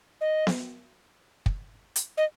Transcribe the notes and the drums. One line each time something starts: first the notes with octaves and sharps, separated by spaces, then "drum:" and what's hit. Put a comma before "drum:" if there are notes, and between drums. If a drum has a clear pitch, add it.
D#5
drum: snare B3
drum: kick
drum: hi-hat
D#5